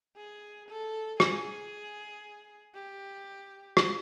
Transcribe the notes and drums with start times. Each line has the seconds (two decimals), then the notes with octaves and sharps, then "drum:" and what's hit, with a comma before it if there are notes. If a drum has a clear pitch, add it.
0.17 G#4
0.69 A4
1.20 G#4, drum: rim click
2.75 G4
3.77 drum: rim click